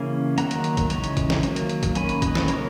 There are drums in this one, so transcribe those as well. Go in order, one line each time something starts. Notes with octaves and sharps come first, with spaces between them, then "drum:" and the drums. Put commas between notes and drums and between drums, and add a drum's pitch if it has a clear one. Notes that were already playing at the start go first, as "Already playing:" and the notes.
Already playing: C#3 E3 A#3 C#4
D#3 F#3 A#3 F#5 A#5, drum: hi-hat
drum: hi-hat
drum: hi-hat
drum: kick, hi-hat
C#3 E3 G#3 C#4 A#5 C#6, drum: hi-hat
drum: hi-hat
drum: kick, hi-hat
drum: snare
D#3 F#3 A#3, drum: hi-hat
drum: hi-hat
drum: hi-hat
drum: kick, hi-hat
D#3 A#3 C#4 G#5 B5, drum: hi-hat
drum: hi-hat
B4 D#5, drum: kick, hi-hat
drum: snare
C#3 F#3 A#3 C#4 A#4 C#5, drum: hi-hat